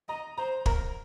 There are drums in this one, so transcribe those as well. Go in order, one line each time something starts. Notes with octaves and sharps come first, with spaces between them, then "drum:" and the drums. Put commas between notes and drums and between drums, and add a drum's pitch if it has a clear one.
D#5 A#5
C5 A#5
A#4 A#5, drum: kick